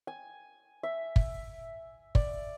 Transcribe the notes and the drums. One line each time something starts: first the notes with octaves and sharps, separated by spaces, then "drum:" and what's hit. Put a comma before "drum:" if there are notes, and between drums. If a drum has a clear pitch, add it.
G#5
E5
drum: kick
D5, drum: kick